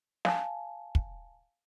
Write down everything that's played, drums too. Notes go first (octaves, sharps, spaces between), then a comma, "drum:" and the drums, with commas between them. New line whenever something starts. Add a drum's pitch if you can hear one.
F5 G#5 A5, drum: snare
drum: kick